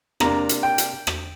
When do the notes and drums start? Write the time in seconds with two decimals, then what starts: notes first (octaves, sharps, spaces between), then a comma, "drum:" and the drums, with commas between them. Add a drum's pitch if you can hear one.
0.20 C3 A#3 D4 A#5, drum: rim click
0.49 drum: hi-hat
0.63 G5
0.78 drum: hi-hat
1.07 drum: rim click